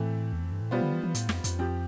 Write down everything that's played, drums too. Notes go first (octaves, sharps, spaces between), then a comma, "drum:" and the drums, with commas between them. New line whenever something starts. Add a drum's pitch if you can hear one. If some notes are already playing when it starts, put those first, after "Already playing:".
Already playing: A2 E3 A3 C4
E2
F2
G2
A2
B2 G3 B3 F4 C5
D3
E3
E3
A2, drum: hi-hat
F2, drum: snare
F2, drum: hi-hat
F3 C4 G4